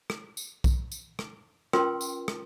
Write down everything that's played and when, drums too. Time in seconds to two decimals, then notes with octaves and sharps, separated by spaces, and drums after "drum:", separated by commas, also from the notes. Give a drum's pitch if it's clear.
0.10 drum: rim click
0.37 drum: tambourine
0.64 drum: kick B1, tambourine
0.92 drum: tambourine
1.19 drum: rim click
1.73 C#4 F4 A#4 B4 G5 C6, drum: rim click
2.01 drum: tambourine
2.28 drum: rim click